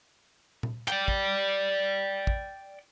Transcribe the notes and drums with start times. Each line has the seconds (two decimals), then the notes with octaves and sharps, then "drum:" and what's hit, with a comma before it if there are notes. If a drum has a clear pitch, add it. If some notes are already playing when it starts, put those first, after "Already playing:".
0.63 drum: tom A#2
0.88 D5 G5, drum: clap
1.08 drum: kick
2.27 drum: kick